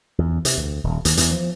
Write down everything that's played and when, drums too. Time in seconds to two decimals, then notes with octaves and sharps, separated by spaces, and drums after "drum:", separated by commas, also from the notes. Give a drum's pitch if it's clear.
0.18 E2
0.45 C3, drum: hi-hat
0.58 D2
0.84 D#1
1.05 D#2, drum: hi-hat
1.17 E2, drum: hi-hat
1.31 F3